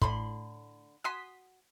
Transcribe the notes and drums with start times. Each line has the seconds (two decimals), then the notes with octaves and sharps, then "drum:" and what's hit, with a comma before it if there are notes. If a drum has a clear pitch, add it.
0.02 A2 D3 B5 C6, drum: kick
1.04 F#4 G#5 C6 D#6 B6